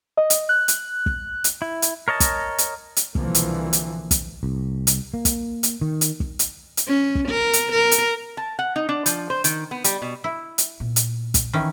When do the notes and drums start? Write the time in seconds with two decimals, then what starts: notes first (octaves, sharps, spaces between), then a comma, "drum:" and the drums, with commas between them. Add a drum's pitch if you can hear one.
0.17 D#5
0.30 drum: hi-hat
0.49 F#6
0.68 drum: hi-hat
1.06 drum: kick
1.44 drum: hi-hat
1.62 E4
1.82 drum: hi-hat
2.08 A#4 C#5 D#5 A5
2.20 drum: kick, hi-hat
2.58 drum: hi-hat
2.96 drum: hi-hat
3.15 C2 B2 D3 E3 F3 A#3, drum: kick
3.35 drum: hi-hat
3.73 drum: hi-hat
4.11 drum: kick, hi-hat
4.43 C2
4.87 drum: hi-hat
5.14 A#3
5.25 drum: kick, hi-hat
5.63 drum: hi-hat
5.81 D#3
6.01 drum: hi-hat
6.20 drum: kick
6.39 drum: hi-hat
6.77 drum: hi-hat
6.88 C#4
7.15 drum: kick
7.29 A#4
7.53 drum: hi-hat
7.72 A#4
7.91 drum: hi-hat
8.37 A5
8.59 F#5
8.76 D#4
8.89 D4
9.06 F3, drum: hi-hat
9.30 C5
9.44 D#3, drum: hi-hat
9.71 B3
9.84 G3, drum: hi-hat
10.02 B2
10.24 E4
10.58 drum: hi-hat
10.80 A#2 B3
10.96 drum: hi-hat
11.34 drum: kick, hi-hat
11.53 D#3 E3 C#4